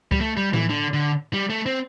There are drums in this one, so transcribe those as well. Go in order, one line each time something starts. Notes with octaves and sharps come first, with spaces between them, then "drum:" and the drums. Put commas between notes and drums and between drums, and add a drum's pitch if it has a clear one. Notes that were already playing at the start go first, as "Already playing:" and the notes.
G3, drum: kick C#2
A3
G3
E3, drum: tom A2
D3
D3
G3
A3
C4